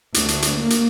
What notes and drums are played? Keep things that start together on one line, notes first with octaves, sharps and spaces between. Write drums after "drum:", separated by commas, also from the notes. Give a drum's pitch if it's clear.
D2, drum: hi-hat
drum: hi-hat
drum: hi-hat
A#3
drum: hi-hat